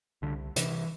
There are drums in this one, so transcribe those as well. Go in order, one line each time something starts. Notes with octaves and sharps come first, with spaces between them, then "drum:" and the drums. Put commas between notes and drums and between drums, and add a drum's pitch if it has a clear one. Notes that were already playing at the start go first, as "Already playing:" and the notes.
C2 D3
C3 E3, drum: hi-hat